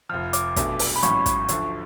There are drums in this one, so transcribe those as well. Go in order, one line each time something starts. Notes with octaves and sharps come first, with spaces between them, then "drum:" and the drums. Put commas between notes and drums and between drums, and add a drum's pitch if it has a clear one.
F1 F2 F3 F6
D6, drum: hi-hat
B1 B2 A3 D4, drum: kick, hi-hat
drum: open hi-hat
B5
A1 G#2 F#3 C#4 C#6, drum: hi-hat
drum: kick, hi-hat
D2 D3 F3 A3, drum: hi-hat